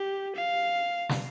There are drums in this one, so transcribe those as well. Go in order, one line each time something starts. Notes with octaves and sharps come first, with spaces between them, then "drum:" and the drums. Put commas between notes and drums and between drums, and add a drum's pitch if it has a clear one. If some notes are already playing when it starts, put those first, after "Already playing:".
Already playing: G4
F5
drum: snare